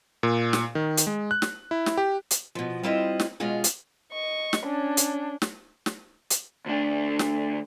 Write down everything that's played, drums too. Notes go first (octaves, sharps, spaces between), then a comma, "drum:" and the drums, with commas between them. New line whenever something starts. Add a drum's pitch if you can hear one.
A#2
drum: snare
D#3
drum: hi-hat
G#3
F#6
drum: snare
E4
drum: snare
G4
drum: hi-hat
B2 F3
G3 C4 E4 F4 C5 D#5
drum: snare
B2 G#3 C#4 F4 G#4
drum: hi-hat
D#5 C#6
drum: snare
C#4 D4
drum: hi-hat
drum: snare
drum: snare
drum: hi-hat
D2 D4
drum: snare